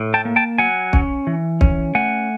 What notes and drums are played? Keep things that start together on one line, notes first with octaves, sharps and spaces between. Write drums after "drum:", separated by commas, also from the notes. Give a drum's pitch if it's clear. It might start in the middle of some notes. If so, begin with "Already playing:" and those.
Already playing: A2
G5 A5
A#3
G5 A5
F#3 F#5 G#5
C#4, drum: kick
E3
C#4, drum: kick
A3 F#5 G#5